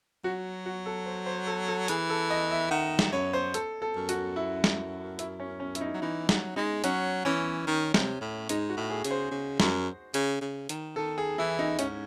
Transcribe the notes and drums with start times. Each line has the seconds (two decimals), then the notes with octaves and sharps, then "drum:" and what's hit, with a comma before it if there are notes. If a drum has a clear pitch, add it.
0.24 F#3 F#4
0.66 F#4
0.86 A4
1.06 C5
1.26 C5
1.47 A4
1.68 A4
1.88 E3 G#4, drum: hi-hat
2.10 A4
2.30 D#5
2.51 E5
2.71 D#3 F#5
2.99 drum: snare
3.12 F#2 C#5
3.33 C5
3.54 A4, drum: hi-hat
3.82 A4
3.96 F#2
4.09 F#4, drum: hi-hat
4.36 E4
4.64 drum: snare
5.19 E4, drum: hi-hat
5.40 C#4
5.60 C#4
5.75 E4, drum: hi-hat
5.81 D#4
5.94 F#3
6.02 E3 D#4
6.29 F#3, drum: snare
6.56 G#3 D#4
6.84 F#3 C#4, drum: hi-hat
7.25 E3 C#4
7.67 D#3
7.94 C3, drum: snare
8.21 A2
8.49 G#2 D#4, drum: hi-hat
8.69 F#4
8.77 A2
8.90 G#4
9.05 C#3, drum: hi-hat
9.11 C5
9.31 C#3
9.60 F#2, drum: snare
10.14 C#3, drum: hi-hat
10.41 C#3
10.69 D#3, drum: hi-hat
10.96 D#3 A4
11.18 G#4
11.38 E3 E4
11.59 D#4
11.79 G#2 C#4, drum: hi-hat